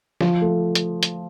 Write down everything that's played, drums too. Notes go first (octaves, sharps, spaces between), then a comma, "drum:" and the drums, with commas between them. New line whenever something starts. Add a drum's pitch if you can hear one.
F3, drum: snare
A3
drum: hi-hat
drum: hi-hat